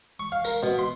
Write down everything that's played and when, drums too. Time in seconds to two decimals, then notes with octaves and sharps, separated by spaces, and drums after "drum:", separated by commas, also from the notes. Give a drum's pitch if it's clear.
0.19 C#6
0.32 F5
0.45 A#4, drum: tambourine
0.63 B2
0.79 C6